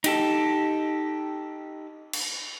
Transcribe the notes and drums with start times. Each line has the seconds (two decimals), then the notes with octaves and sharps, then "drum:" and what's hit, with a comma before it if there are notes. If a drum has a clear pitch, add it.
0.04 D#4 G4 A4, drum: cymbal
2.13 drum: cymbal